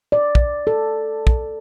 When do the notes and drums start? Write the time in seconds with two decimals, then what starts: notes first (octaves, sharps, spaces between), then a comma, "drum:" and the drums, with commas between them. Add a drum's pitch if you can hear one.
0.12 D5
0.35 drum: kick
0.67 A4
1.27 drum: kick